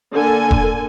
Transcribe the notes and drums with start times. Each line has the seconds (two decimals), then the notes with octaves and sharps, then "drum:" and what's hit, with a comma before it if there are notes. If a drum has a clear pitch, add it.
0.13 D3 A#3 A4 G#5
0.51 drum: kick E1